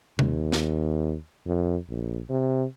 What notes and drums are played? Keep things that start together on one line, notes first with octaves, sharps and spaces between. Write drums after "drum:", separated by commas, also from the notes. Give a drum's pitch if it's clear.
D#2, drum: tom C3
drum: snare
F2
A#1
C3